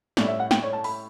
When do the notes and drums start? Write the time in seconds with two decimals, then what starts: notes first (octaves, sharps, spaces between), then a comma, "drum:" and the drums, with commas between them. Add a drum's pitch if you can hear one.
0.17 A2 G3 C#4 E4 D5, drum: snare
0.28 E5
0.40 F#5
0.51 G5, drum: snare
0.63 C#5
0.73 A5
0.84 B5, drum: open hi-hat